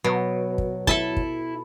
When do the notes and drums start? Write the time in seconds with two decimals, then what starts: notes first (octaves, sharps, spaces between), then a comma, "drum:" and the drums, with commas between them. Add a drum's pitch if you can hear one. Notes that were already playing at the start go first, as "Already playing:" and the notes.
0.04 B2 F#3
0.58 drum: kick
0.87 E4 A4 E5 A5, drum: kick
1.17 drum: kick